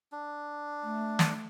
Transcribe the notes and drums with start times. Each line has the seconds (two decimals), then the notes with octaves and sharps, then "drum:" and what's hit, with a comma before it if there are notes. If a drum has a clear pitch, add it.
0.12 D4
0.83 A3
1.19 drum: snare